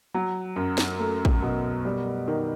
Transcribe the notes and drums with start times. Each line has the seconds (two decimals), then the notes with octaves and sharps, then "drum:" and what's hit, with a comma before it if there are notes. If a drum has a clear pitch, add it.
0.14 F#3
0.56 F#2
0.78 drum: snare
0.99 A3
1.25 drum: kick
1.42 B2
1.85 G3
2.28 D#3